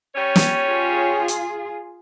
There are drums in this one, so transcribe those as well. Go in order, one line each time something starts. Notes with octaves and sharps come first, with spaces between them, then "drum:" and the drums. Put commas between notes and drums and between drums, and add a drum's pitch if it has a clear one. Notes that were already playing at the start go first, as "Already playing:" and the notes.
G3 C#4 C#5
drum: snare
F4 G#4
drum: hi-hat